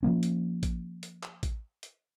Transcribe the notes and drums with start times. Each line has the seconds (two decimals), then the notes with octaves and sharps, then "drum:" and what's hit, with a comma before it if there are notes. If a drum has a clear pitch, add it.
0.03 F3 F#3 A#3 C#4
0.23 drum: hi-hat
0.63 drum: kick A1, hi-hat
1.03 drum: hi-hat
1.23 drum: clap
1.43 drum: kick A1, hi-hat
1.83 drum: hi-hat